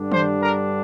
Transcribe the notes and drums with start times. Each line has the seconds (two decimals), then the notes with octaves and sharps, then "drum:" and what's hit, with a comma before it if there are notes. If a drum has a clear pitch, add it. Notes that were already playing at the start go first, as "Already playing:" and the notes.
Already playing: G2 D3 G3 D4
0.12 C5, drum: tom D#3
0.42 A#4